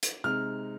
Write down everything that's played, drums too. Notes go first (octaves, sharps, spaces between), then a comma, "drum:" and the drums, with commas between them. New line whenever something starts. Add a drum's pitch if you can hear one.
drum: hi-hat
C3 G#3 D#4 F6